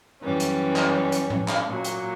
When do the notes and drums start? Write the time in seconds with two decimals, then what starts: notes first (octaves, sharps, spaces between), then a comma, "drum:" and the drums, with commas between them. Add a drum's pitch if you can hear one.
0.22 F#2 E3 G3 C#4
0.40 drum: hi-hat
0.76 drum: clap
1.12 drum: hi-hat
1.30 drum: tom A2
1.48 drum: clap
1.66 A#2 F#3
1.84 drum: hi-hat